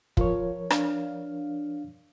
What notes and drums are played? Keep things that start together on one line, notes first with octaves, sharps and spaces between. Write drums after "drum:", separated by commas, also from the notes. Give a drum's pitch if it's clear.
F3 F4 A#4 C#5, drum: kick
D4 F5, drum: rim click